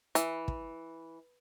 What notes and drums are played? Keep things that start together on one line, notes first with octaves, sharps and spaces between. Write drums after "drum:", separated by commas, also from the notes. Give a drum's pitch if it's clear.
E3, drum: hi-hat
drum: kick